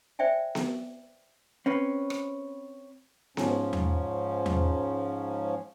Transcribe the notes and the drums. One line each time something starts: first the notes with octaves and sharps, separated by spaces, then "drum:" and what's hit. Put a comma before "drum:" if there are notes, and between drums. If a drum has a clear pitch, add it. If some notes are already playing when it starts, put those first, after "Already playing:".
C5 D5 E5 G5 G#5
drum: snare B3
C4 C#4 B4
drum: rim click
G#2 F3 C#4, drum: snare B3
drum: tom E2
drum: tom E2